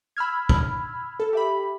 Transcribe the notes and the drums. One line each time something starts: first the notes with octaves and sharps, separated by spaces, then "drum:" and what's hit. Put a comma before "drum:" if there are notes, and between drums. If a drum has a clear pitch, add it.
B5 E6 F6 G#6
drum: kick
A4
G4 E5 B5